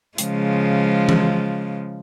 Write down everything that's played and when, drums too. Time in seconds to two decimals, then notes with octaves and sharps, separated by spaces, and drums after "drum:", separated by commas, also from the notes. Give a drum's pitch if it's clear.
0.18 C#3 F3 G#3, drum: hi-hat
1.09 drum: tom E3